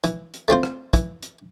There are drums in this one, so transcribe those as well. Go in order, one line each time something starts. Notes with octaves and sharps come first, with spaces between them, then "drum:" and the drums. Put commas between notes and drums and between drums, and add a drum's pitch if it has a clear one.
E3, drum: hi-hat
drum: hi-hat
A3 C4 F4 C5
drum: rim click
E3, drum: kick, hi-hat
drum: hi-hat